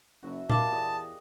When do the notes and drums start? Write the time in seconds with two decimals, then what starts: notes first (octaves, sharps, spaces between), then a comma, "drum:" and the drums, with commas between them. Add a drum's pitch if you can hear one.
0.23 F#1 F#4 E5
0.50 B2 G3 D4 A#4 F5 A5 D6, drum: tom A#2
0.72 E2 G#4 D#5